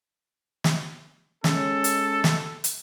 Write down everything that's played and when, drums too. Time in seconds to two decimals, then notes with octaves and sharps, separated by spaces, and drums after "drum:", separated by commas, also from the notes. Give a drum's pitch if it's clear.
0.64 drum: snare
1.44 G#3 C#4 A4, drum: snare
1.84 drum: hi-hat
2.24 drum: snare
2.64 drum: hi-hat